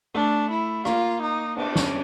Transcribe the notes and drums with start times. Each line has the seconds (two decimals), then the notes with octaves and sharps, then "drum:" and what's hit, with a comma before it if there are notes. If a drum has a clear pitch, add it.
0.14 A3 D4
0.50 E4
0.85 A#3 F4, drum: rim click
1.22 D#4
1.57 B3 D4, drum: cymbal
1.76 C#4, drum: snare